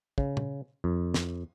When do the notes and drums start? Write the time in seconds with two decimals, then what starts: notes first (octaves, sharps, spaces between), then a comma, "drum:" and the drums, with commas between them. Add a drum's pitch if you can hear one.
0.18 C#3, drum: kick
0.37 drum: tom
0.84 F2
1.14 drum: snare